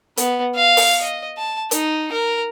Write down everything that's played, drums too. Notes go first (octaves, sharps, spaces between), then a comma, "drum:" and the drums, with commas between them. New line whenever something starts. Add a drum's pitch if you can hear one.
B3, drum: hi-hat
F5
drum: open hi-hat
D#5
A5
D#4, drum: hi-hat
A#4